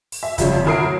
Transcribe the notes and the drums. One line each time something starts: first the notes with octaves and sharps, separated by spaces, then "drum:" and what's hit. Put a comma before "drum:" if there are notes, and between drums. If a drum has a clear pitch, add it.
drum: open hi-hat
E5
C#2 F3 G3 C#4, drum: kick, hi-hat
F2
D2 E4 A#4 D#6 C7 D7
F#3